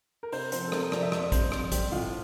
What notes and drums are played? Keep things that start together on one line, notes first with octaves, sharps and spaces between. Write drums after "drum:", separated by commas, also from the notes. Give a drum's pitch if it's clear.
A#4
C3 C5, drum: open hi-hat
F3 C4 C5, drum: hi-hat
A4
C3 A#4, drum: rim click
C5
F3 C4 D5, drum: rim click
E5
F2 D5, drum: rim click
D3 G3 C4 C5, drum: kick, hi-hat
F2, drum: rim click
D3 G3 C4 G4, drum: kick, hi-hat
A2 F4, drum: open hi-hat